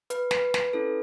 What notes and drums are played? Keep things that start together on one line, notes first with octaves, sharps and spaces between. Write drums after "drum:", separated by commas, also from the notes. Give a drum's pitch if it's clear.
B4, drum: hi-hat
B4, drum: snare
drum: snare
C#4 E4 A4